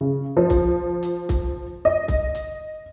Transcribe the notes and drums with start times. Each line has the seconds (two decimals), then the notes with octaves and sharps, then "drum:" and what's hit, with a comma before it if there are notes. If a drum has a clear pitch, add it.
0.01 C#3
0.37 F3
0.50 drum: kick C2, hi-hat
1.03 drum: hi-hat
1.29 drum: kick C2, hi-hat
1.85 D#5
2.08 drum: kick C2, hi-hat
2.35 drum: hi-hat